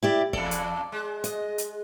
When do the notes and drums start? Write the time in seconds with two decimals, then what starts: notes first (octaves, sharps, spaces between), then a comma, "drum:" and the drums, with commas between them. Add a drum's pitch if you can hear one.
0.03 E4 G4 D5
0.33 E2 A4 D5, drum: kick
0.51 drum: hi-hat
0.92 G#3
1.24 D#5, drum: hi-hat
1.58 drum: hi-hat